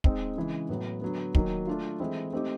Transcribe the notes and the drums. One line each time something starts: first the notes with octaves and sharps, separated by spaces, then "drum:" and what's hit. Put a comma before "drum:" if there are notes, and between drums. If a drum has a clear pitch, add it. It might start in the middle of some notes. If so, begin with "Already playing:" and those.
G#3 C4 D#4, drum: kick
C#3 E3 G#3
A2 F#3 B3
D3 F#3 B3
D#3 F#3 A#3, drum: kick
A3 D4 F4
E3 G#3 C4 E4 A4
A3 C4 D#4 G4